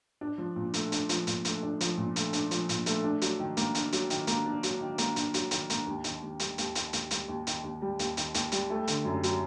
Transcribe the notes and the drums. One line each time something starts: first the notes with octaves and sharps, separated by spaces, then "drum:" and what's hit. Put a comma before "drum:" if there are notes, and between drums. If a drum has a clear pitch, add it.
D4
F3
A#2
A3, drum: hi-hat
D4, drum: hi-hat
F3, drum: hi-hat
A#2, drum: hi-hat
A3, drum: hi-hat
D4
F3, drum: hi-hat
A#2
A3, drum: hi-hat
D4, drum: hi-hat
F3, drum: hi-hat
A#2, drum: hi-hat
A3, drum: hi-hat
D4
F#3, drum: hi-hat
D#3
A#3, drum: hi-hat
D4, drum: hi-hat
F#3, drum: hi-hat
D#3, drum: hi-hat
A#3, drum: hi-hat
D4
F#3, drum: hi-hat
D#3
A#3, drum: hi-hat
D4, drum: hi-hat
F#3, drum: hi-hat
D#3, drum: hi-hat
A#3, drum: hi-hat
D#2
D#3, drum: hi-hat
D#2
G3, drum: hi-hat
D#2, drum: hi-hat
D#3, drum: hi-hat
D#2, drum: hi-hat
G3, drum: hi-hat
D#2
D#3, drum: hi-hat
D#2
G3
D#2, drum: hi-hat
D#3, drum: hi-hat
D#2, drum: hi-hat
G3, drum: hi-hat
A3
D3, drum: hi-hat
F#2
F#3, drum: hi-hat